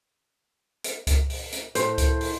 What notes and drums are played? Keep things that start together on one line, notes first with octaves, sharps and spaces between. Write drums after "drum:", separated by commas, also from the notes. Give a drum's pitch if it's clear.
drum: hi-hat
drum: kick C#2, hi-hat
drum: open hi-hat
drum: hi-hat
A2 A3 C5, drum: hi-hat
drum: kick C#2, hi-hat
drum: open hi-hat